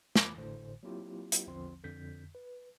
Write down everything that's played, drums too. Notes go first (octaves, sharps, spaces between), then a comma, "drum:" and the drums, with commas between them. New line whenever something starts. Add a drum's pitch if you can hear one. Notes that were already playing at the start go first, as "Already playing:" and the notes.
B5 D6, drum: snare
G#1 A2 D3 C5
F#3 A#3 C4 E4 F4 G4
drum: hi-hat
A#1 E2 D3 F3 C4 C6
F2 D3 G6 B6
B4